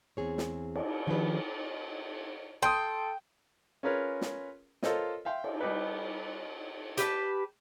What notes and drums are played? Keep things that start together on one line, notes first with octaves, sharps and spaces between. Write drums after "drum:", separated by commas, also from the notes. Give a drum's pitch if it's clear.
E2 C4 G#4 C#5
drum: snare
drum: cymbal
D#3 F3 D4 G4 G#4 B4
A4 G5 C6 D#6
C#4 F4 G#4 A#4 B4 C#5
drum: snare
F4 A4 A#4 C5 C#5 D#5, drum: snare
E5 F5 G5 C6
drum: cymbal
G3 D#4 G4 B4
G4 B4 D5 A5, drum: hi-hat